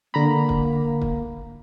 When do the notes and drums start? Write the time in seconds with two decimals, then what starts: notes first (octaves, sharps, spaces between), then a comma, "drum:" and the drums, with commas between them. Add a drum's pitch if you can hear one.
0.14 D3 A#3 A#5 B5
0.49 drum: kick
1.02 drum: kick